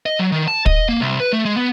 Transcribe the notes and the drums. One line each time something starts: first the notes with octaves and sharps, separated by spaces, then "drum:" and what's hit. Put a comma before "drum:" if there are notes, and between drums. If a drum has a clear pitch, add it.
D#5
F#3
D#3
A5
D#5, drum: kick
A#3
C2
B4
A3
G#3
B3